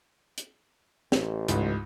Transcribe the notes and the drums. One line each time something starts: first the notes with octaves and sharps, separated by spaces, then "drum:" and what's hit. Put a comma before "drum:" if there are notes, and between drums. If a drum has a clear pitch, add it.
drum: hi-hat
A1, drum: snare
C#2 G#2, drum: hi-hat